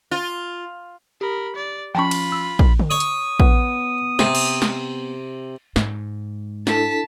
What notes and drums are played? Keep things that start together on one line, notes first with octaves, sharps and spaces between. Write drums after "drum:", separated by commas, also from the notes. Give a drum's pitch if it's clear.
F4
G4 A#4 B5
D5
F3 C#4 F4 G5 A5 B5 C#6
drum: cymbal
E6
drum: kick A#1
drum: tom D3
C#5 D#6
drum: hi-hat
B3, drum: kick A#1
C3, drum: snare
drum: cymbal
drum: snare
G#2, drum: snare
D4 E4 A4 A5 B6, drum: snare